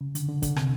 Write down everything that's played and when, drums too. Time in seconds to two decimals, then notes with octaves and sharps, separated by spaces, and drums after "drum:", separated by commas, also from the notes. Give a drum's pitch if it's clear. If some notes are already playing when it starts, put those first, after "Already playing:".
0.01 C#3
0.15 D3, drum: hi-hat
0.29 D3
0.42 D3, drum: kick, hi-hat
0.56 C3, drum: rim click